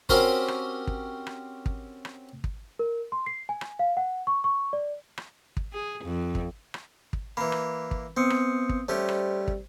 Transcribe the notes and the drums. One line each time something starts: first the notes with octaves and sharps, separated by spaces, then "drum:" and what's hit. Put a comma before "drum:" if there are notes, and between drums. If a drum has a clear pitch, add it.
C4 C#4 F#4 G4 A#4 C5, drum: kick
drum: rim click
drum: kick
drum: rim click
drum: kick
drum: rim click
drum: kick
A#4
C6
C7
G#5
drum: rim click
F5
F#5
C#6
C#6
D5
drum: rim click
drum: kick
G#4
F2
drum: kick
drum: rim click
drum: kick
E3 A#3 B5
drum: rim click
drum: kick
B3 C4 D#6 C#7
drum: rim click
drum: kick
G3 A3 C#4 G4 C5
drum: rim click
drum: kick